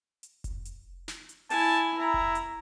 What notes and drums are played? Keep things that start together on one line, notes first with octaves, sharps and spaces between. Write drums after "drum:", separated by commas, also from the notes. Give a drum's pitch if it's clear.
drum: hi-hat
drum: kick F1, hi-hat
drum: hi-hat
drum: snare
drum: hi-hat
E4 G#5 A5, drum: open hi-hat
E4 A#5
drum: kick F1
drum: hi-hat